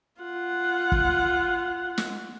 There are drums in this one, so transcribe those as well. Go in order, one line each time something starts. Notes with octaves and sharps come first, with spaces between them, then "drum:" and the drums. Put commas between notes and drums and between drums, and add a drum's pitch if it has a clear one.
F4 F#5
drum: kick
drum: snare